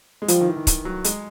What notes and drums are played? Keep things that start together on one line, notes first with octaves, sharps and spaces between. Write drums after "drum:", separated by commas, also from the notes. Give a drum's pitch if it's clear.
G#3
F3 G3, drum: hi-hat
D#3
E3
D#3
E3, drum: kick C#1, hi-hat
F#3
G#3, drum: hi-hat